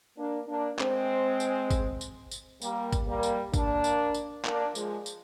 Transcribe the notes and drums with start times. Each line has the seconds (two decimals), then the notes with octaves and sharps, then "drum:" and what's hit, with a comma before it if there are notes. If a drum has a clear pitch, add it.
0.18 A#3 D4
0.48 A#3 D4
0.79 G#3 C4, drum: clap
1.40 drum: tambourine
1.70 drum: kick, tambourine
2.01 drum: tambourine
2.31 drum: tambourine
2.62 G3 A#3, drum: tambourine
2.92 drum: kick, tambourine
3.08 G3 A#3
3.23 drum: tambourine
3.54 A#3 D4, drum: kick, tambourine
3.84 drum: tambourine
4.14 drum: tambourine
4.45 A#3 D4, drum: clap
4.75 F3 G#3, drum: tambourine
5.06 drum: tambourine